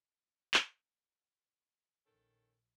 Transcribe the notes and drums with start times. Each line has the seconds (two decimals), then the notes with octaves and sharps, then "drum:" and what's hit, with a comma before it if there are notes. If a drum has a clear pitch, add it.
0.54 drum: clap
2.06 A#1 D#3 C#4 A4